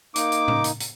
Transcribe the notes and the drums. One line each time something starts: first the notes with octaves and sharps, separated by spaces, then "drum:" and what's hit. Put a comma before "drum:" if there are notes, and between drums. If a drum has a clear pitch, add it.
A#3 D#4 D6, drum: hi-hat
drum: hi-hat
drum: tom A2
drum: hi-hat
drum: hi-hat